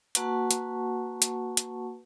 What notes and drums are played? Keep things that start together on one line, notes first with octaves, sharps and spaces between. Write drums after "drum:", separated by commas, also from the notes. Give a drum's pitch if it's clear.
A#3 F#4 B4 F#5 A5 C#6, drum: hi-hat
drum: hi-hat
drum: hi-hat
drum: hi-hat